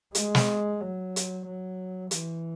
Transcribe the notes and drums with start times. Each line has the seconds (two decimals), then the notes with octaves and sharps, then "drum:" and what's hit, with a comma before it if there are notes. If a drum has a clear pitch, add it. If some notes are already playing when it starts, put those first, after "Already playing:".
0.15 G#3, drum: hi-hat
0.35 drum: snare
0.81 F#3
1.16 drum: hi-hat
1.46 F#3
2.11 E3, drum: hi-hat